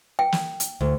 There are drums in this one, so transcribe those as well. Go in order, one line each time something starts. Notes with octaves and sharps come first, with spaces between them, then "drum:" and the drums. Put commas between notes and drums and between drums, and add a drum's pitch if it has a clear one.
G5
drum: snare
drum: hi-hat
D2